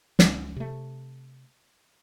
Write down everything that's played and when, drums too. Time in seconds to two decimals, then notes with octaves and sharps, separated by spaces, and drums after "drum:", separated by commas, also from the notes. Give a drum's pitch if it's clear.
0.19 C#2 C#4, drum: snare
0.56 C3 A3